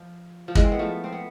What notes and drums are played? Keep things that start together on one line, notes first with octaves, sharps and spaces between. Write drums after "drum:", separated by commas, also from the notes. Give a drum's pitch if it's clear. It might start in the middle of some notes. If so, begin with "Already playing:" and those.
Already playing: F3
F3
E3 G#3, drum: kick
C4
B3
F3 A3
C4
B3